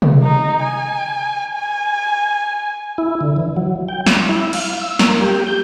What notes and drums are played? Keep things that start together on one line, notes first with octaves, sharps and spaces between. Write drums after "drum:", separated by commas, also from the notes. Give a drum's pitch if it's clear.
drum: tom C3
D#4
G#5
G#5
E4
D3
E3
F#3
G5
D6, drum: snare
E4
F5, drum: cymbal
E6
A#3, drum: snare
G4
G6